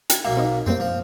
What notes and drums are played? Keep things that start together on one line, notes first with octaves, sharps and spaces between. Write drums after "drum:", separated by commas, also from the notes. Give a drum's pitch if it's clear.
G5 G#6, drum: hi-hat
B1 A#3 E5
C4 D#4
F#2 G3 A#3 C4
F3